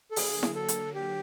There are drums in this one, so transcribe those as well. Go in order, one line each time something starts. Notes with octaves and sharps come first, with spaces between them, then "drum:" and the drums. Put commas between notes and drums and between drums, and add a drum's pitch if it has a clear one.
A4
D3 F#3 A#3 G#4, drum: open hi-hat
drum: snare E4
A4
drum: hi-hat
G4